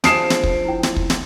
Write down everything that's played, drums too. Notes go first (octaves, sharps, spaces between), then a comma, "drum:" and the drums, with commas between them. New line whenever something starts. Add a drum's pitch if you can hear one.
F3 D4 G#4 A5 D#6 C7 D7 E7, drum: snare
drum: snare
drum: kick
E4 G5
drum: snare
drum: kick
drum: snare